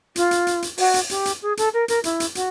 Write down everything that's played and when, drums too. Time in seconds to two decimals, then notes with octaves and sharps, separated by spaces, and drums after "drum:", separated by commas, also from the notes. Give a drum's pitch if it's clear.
0.16 F4, drum: hi-hat
0.31 drum: hi-hat
0.47 drum: hi-hat
0.62 drum: hi-hat
0.78 F#4, drum: open hi-hat
0.94 drum: hi-hat
1.10 G4, drum: hi-hat
1.25 drum: hi-hat
1.42 G#4
1.57 A4, drum: hi-hat
1.73 A#4
1.88 A#4, drum: hi-hat
2.04 E4, drum: hi-hat
2.20 drum: hi-hat
2.35 F#4, drum: hi-hat